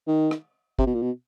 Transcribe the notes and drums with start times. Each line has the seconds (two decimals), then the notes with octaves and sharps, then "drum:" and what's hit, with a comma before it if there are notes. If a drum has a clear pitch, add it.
0.07 D#3
0.31 drum: rim click
0.79 C3, drum: kick
0.87 B2
0.95 A#2
1.02 B2